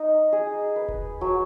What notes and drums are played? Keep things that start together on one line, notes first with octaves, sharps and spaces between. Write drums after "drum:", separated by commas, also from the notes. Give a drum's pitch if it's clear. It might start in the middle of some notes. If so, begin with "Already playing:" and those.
Already playing: D#4
G#4
B4
drum: kick D#1
F#3